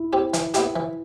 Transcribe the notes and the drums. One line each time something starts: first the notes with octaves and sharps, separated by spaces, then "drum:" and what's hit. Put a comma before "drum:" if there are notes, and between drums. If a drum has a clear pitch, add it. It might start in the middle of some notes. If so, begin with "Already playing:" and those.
Already playing: E4
C4 G4
E3, drum: hi-hat
B3 E4 G4, drum: hi-hat
E3